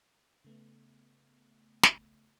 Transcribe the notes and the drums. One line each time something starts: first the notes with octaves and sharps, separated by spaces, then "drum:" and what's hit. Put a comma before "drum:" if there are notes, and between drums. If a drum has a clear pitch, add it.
C#3 A3 B3
drum: snare